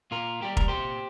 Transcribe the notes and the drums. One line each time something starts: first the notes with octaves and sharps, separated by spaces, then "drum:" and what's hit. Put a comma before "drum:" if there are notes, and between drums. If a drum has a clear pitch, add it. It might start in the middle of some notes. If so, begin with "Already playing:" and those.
A#2 F4 A#4
G3 A#3 G4
A#4, drum: kick
A#2 G4 C5